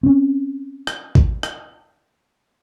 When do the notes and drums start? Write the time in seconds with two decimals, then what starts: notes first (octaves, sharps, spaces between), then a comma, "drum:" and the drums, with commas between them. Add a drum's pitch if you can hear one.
0.03 C4 C#4
0.87 drum: rim click
1.15 drum: kick A1
1.43 drum: rim click